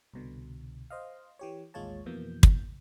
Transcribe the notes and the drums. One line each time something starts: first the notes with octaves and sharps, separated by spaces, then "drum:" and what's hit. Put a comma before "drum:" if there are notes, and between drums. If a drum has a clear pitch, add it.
C2 B2 D3
C5 D#5 F5
E3 G4 C#5
A1 D#2 G#3 F4 C#5 A5
F2 B2 E3 A#3 G6
drum: kick